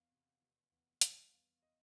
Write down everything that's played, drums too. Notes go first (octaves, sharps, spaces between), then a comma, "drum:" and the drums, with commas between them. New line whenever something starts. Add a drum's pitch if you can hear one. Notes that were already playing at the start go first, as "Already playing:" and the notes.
Already playing: E2 F5
C3
F1
E2
G3, drum: hi-hat
E2 F5
D#5